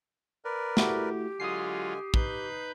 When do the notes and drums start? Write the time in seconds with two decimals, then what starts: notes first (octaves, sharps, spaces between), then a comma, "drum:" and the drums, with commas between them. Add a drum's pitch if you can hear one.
0.45 A#4 B4 D5
0.77 A3 E4 F#4 G4, drum: snare
1.40 D3 F#3 G#3 F4 G#5 D#6 C7
2.14 D#4 B4 G6, drum: kick